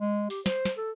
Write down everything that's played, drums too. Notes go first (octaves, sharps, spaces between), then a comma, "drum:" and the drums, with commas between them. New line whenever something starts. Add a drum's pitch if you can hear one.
G#3
G4, drum: open hi-hat
C5, drum: snare
drum: snare
A4